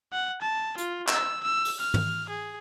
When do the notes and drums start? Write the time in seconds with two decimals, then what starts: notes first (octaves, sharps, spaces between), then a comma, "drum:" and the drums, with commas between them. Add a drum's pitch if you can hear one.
0.13 F#5
0.42 A5
0.78 F4, drum: hi-hat
1.08 E6, drum: clap
1.44 E6
1.65 drum: open hi-hat
1.80 F6
1.94 drum: tom
2.30 G#4